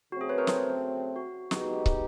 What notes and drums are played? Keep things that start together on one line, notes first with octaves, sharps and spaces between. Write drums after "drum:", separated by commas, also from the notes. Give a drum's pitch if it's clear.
C#3 F#3 A3 C4 F#4
G#4
B4 C#5
A#4 C5
drum: snare
F#4
B2 G#3 B3 D#4 F#4 G4, drum: snare
drum: kick